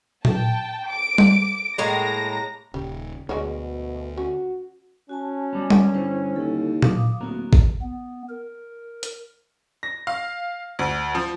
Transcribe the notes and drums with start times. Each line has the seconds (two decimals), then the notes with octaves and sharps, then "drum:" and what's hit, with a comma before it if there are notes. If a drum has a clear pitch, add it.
0.25 G5 A5, drum: tom A#2
0.88 D6 D7
1.18 drum: tom G3
1.78 A2 G#3 A#3 A#5 A#6
2.74 D#1 C#3 G3
3.29 D2 B2 D3 G#3 F#4 C#5
4.17 C#4 F#4
5.09 C#4 F#4 G#5 A5
5.53 F#3 G3 B3
5.70 drum: tom G3
5.94 G2 D3 G3 E4 B4 C5
6.36 D#2 E4 A4
6.82 F5 D6 D#6, drum: tom A#2
7.21 D1 F#3 A#3 B3 F#4 A#4
7.53 drum: kick A1
7.82 B3
8.29 A#4
9.03 drum: hi-hat
9.83 A#6
10.07 F5
10.79 D2
11.15 F3